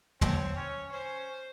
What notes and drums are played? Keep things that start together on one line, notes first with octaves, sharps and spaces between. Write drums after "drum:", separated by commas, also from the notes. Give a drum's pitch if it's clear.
C4 C#5, drum: tom
C#4 C#5
C#4 C5